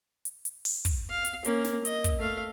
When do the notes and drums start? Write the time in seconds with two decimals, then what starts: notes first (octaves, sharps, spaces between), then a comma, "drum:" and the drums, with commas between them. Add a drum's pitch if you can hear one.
0.25 drum: hi-hat
0.45 drum: hi-hat
0.65 drum: open hi-hat
0.85 drum: kick, hi-hat
1.10 F5
1.25 drum: hi-hat
1.45 A#3 C#4, drum: hi-hat
1.64 drum: snare
1.85 D#5, drum: hi-hat
2.04 drum: kick, hi-hat
2.20 A3 F5